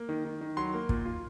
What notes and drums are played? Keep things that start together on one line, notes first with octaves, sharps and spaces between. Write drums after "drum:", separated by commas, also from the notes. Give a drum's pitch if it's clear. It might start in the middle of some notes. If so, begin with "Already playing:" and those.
Already playing: A#3
D#3
D#3
D#3
F#3 C6
A#3
A#2, drum: kick
F4